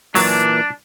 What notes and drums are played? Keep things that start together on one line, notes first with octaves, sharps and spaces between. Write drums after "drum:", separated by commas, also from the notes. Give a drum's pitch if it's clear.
A#2 E3 F#3 D4, drum: open hi-hat